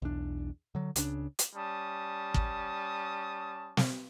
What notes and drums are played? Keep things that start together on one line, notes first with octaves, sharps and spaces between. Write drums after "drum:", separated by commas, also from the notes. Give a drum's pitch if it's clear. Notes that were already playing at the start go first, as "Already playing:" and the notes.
B1 E2 D4
D3 F#3
C#2 C#3 D4, drum: hi-hat
drum: hi-hat
G3 C#4 A5 D#6
drum: kick
drum: snare